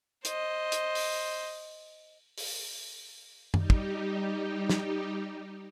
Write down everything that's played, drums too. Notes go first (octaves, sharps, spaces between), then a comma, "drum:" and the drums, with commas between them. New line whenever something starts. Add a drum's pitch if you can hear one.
C5 D#5, drum: hi-hat
drum: hi-hat
drum: open hi-hat
drum: open hi-hat
G3 D#4 G4, drum: tom F#2
drum: kick
drum: snare